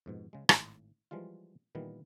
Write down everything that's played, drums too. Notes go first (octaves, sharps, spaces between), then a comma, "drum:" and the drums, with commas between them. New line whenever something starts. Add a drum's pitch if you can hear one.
F2 G#2 B2
C#3 G#3
G#1 A2, drum: rim click
E3 F3 G3 G#3 F4
A#2 D#3 E3 G3 B3